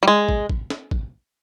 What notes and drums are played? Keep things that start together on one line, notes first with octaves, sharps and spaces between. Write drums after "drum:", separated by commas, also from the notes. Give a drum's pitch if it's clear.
G3
G#3
drum: kick
drum: kick
drum: snare
drum: kick